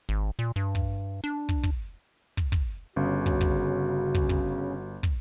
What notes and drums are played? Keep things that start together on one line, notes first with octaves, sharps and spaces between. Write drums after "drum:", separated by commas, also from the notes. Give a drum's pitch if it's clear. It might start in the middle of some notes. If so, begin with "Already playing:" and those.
G#1
A#2
G2
drum: kick
D4
drum: kick
drum: kick
drum: kick
drum: kick
G1 C#3 F#4
drum: kick
drum: kick
drum: kick
drum: kick
drum: kick